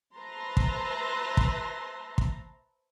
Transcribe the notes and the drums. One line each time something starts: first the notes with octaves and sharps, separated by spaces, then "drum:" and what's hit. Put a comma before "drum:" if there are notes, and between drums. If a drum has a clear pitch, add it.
B4 C5 E5 A5 A#5 C6
drum: kick
drum: kick
drum: kick